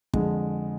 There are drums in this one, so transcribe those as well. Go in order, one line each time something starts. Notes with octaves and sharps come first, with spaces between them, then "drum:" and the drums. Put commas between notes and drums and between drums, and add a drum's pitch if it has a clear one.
F2 D3 G#3, drum: kick